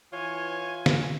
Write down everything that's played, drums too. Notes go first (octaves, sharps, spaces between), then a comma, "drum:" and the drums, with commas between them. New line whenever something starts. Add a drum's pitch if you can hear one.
E3 F4 C#5 G#5
drum: snare